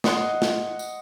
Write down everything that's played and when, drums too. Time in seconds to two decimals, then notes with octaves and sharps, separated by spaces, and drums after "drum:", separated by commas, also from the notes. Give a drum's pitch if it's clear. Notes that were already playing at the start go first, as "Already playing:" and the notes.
0.04 D#5 F#5 C6, drum: snare
0.42 drum: snare
0.79 drum: tambourine